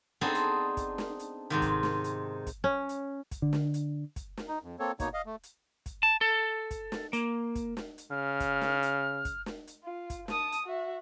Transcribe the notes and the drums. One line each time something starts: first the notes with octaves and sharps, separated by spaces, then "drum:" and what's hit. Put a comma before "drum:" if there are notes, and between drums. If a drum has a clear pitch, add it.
B3 C4 D4 D#4 G#4 A4
drum: hi-hat
drum: kick, hi-hat
drum: snare
drum: hi-hat
G#2 C3 D#3
drum: kick, hi-hat
drum: snare
drum: hi-hat
drum: kick, hi-hat
C#4
drum: hi-hat
drum: kick, hi-hat
D3
drum: snare
drum: hi-hat
drum: kick, hi-hat
drum: snare
D#4
F2
A#3 C4 A4 C#5
B2 A#3 D#4 C#5, drum: kick, hi-hat
D#5 F5
A3
drum: hi-hat
drum: kick, hi-hat
A5
A4
drum: kick, hi-hat
drum: snare
A#3, drum: hi-hat
drum: kick, hi-hat
drum: snare
drum: hi-hat
C#3 F6
drum: kick, hi-hat
drum: snare
drum: hi-hat
drum: kick, hi-hat
drum: snare
drum: hi-hat
F4
drum: kick, hi-hat
A5 D#6, drum: snare
drum: hi-hat
F#4 E5